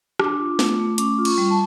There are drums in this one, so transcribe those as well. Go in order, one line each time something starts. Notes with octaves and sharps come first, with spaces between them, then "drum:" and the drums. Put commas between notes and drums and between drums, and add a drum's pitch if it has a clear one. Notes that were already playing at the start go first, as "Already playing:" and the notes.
D4 D6, drum: rim click
F4
A3, drum: snare
A3
C#4 D6, drum: hi-hat
F4
C#6, drum: cymbal
G3
A5